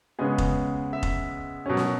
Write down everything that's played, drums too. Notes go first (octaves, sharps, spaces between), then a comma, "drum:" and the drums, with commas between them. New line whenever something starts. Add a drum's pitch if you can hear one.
C#3 G#3 B3 G#4
drum: kick F1
E5
drum: kick F1
B2 F#3 C#4
drum: snare